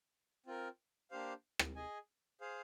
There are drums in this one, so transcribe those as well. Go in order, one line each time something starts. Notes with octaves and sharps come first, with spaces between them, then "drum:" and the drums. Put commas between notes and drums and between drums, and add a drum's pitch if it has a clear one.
C4 F4 A#4
A#3 D4 G4 C5 F5
drum: rim click
G#4 D#5 G#5
G#4 C5 F5